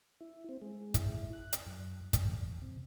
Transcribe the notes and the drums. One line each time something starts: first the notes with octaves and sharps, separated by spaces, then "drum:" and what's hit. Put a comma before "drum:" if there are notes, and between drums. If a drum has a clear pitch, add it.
E4
C4
G#3
E4, drum: kick, hi-hat
F#6
drum: hi-hat
F#2
drum: kick, hi-hat
E2
C3